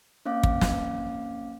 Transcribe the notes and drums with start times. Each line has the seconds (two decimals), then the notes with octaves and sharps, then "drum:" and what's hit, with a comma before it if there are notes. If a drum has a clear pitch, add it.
0.25 A#3 C4 C#4 F5 D6
0.43 drum: kick
0.61 drum: snare